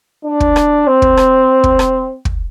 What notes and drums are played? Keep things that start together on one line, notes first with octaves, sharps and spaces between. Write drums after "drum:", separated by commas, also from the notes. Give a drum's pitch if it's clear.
D4
drum: kick
drum: rim click
C4
drum: kick
drum: rim click
drum: kick
drum: rim click
drum: kick